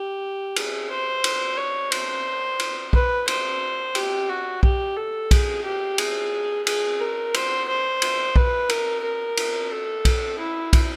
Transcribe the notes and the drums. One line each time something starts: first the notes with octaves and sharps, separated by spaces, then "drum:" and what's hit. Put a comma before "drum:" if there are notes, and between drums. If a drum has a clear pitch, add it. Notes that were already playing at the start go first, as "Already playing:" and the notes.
Already playing: G4
G#4, drum: cymbal
C5
drum: cymbal
C#5
C5, drum: cymbal
drum: cymbal
B4, drum: kick B1
C5, drum: cymbal
G4, drum: cymbal
F#4
G4, drum: kick B1
A4
G#4, drum: kick B1, cymbal
G4
G#4, drum: cymbal
G#4, drum: cymbal
A#4
C5, drum: cymbal
C5
drum: cymbal
B4, drum: kick B1
A#4, drum: cymbal
A#4
drum: cymbal
A4
drum: kick B1, cymbal
E4
drum: kick B1, cymbal